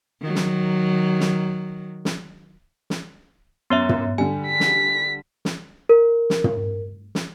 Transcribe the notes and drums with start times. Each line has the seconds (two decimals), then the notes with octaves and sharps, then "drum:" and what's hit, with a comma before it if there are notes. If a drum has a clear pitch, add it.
0.21 D#3 F#3
0.35 drum: snare
1.20 drum: snare
2.05 drum: snare
2.90 drum: snare
3.70 F#2 B3 C#5 E5
3.89 drum: tom
4.18 D3 G3 G#5
4.47 B6
4.60 drum: snare
5.45 drum: snare
5.89 A#4
6.30 drum: snare
6.44 drum: tom
7.15 drum: snare